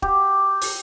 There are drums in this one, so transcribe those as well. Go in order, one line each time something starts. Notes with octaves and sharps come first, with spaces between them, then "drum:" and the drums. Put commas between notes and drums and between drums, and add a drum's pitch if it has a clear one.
G4, drum: kick
drum: open hi-hat